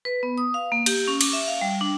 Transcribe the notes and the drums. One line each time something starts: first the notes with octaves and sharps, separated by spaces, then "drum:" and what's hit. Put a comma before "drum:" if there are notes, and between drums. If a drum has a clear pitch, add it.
B4
B3
D#6
F5
A#3
G4, drum: cymbal
C#4
D6, drum: cymbal
E5
F5
G3
D4